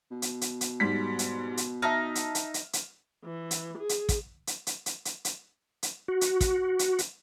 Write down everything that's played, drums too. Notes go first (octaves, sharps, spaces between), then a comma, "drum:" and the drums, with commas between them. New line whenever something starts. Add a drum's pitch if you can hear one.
B2
drum: hi-hat
drum: hi-hat
drum: hi-hat
G#2 G3 B6
drum: hi-hat
drum: hi-hat
D#4 E5 A5 F6
drum: hi-hat
drum: hi-hat
drum: hi-hat
drum: hi-hat
E3
drum: hi-hat
G#4
drum: hi-hat
drum: kick, hi-hat
drum: hi-hat
drum: hi-hat
drum: hi-hat
drum: hi-hat
drum: hi-hat
drum: hi-hat
F#4
drum: hi-hat
drum: kick, hi-hat
drum: hi-hat
drum: hi-hat